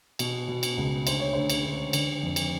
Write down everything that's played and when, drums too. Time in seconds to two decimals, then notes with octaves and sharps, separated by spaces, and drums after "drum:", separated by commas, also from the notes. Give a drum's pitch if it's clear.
0.19 B2, drum: cymbal
0.48 B2
0.63 drum: cymbal
0.77 C#2
1.07 D2 C5, drum: cymbal
1.20 C#5
1.33 D2 C5
1.50 drum: cymbal
1.64 D2
1.93 D3, drum: cymbal
2.22 F2
2.36 drum: cymbal